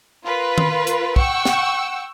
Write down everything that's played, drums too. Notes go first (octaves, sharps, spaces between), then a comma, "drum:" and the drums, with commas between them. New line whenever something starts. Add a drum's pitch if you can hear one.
F4 A#4 B4
drum: tom D#3
drum: hi-hat
F#5 G5 C#6 E6, drum: kick
drum: snare